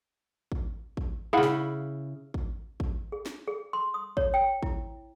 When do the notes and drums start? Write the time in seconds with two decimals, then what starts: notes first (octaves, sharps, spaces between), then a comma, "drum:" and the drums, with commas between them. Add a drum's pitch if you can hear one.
0.52 drum: kick
0.97 drum: kick
1.33 C#3 E4 G#4 F5 F#5
1.43 drum: snare
2.34 drum: kick
2.80 drum: kick
3.12 G#4
3.26 drum: snare
3.47 G#4
3.73 C6
3.94 D#6
4.17 C#5, drum: kick
4.34 G5
4.63 E4, drum: kick